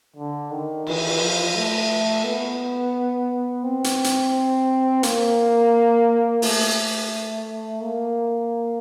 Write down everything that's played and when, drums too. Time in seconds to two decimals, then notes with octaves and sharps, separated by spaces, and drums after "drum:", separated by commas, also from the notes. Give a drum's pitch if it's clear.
0.16 D3
0.51 D#3
0.87 E3, drum: cymbal
1.07 drum: cymbal
1.20 F3
1.55 A3
2.25 B3
3.64 C4
3.84 drum: hi-hat
4.04 drum: hi-hat
5.03 A#3, drum: hi-hat
6.42 A3, drum: open hi-hat
7.81 A#3